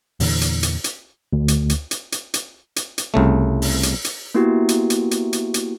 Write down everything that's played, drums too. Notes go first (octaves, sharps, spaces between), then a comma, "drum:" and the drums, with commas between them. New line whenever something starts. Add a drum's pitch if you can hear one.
E2 A#2 D3 E3, drum: open hi-hat
drum: hi-hat
drum: hi-hat
drum: hi-hat
D2
drum: hi-hat
drum: hi-hat
drum: hi-hat
drum: hi-hat
drum: hi-hat
drum: hi-hat
drum: hi-hat
C2 C#3 A3
drum: open hi-hat
drum: hi-hat
drum: hi-hat
A#3 B3 E4 F#4 G4
drum: hi-hat
drum: hi-hat
drum: hi-hat
drum: hi-hat
drum: hi-hat